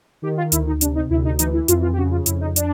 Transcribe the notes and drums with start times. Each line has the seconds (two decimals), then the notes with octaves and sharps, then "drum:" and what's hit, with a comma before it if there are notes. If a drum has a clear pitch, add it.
0.22 D#3 G4
0.37 F4
0.52 D2 E4, drum: hi-hat
0.66 D#4
0.81 C3 D4, drum: hi-hat
0.95 D#4
1.10 D2 E4
1.25 D#4
1.39 E3 D#4, drum: hi-hat
1.54 E4
1.68 F2 F4, drum: hi-hat
1.82 F4
1.93 G4
1.97 C#3 F#4
2.11 F4
2.26 F2 E4, drum: hi-hat
2.41 D#4
2.56 D4, drum: hi-hat